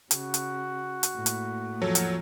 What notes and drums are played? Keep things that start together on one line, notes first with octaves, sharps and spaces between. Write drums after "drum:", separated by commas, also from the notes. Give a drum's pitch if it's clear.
C#3 F#4, drum: hi-hat
drum: hi-hat
drum: hi-hat
A2 A#3
drum: hi-hat
E2 F3 F#3 A4 C#5
drum: hi-hat